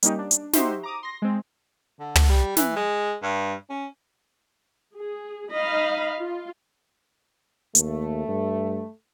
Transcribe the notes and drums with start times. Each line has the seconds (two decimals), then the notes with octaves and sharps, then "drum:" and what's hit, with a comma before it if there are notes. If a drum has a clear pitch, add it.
0.03 G3 A#3 C#4 D#4 G4, drum: hi-hat
0.19 D4
0.31 drum: hi-hat
0.53 D#4 F#4 G4 C5 E5 C6, drum: snare
0.83 A#5 D6 D#6
1.03 C6 A#6
1.22 G#3 C4
2.00 D3
2.15 drum: tom
2.29 G3
2.57 E3, drum: snare
2.76 G#3
3.23 G2
3.70 C#4
4.98 G#4
5.55 D#4 D#5 F5 B5
6.18 F4
7.75 D#2 A3, drum: hi-hat
8.28 G2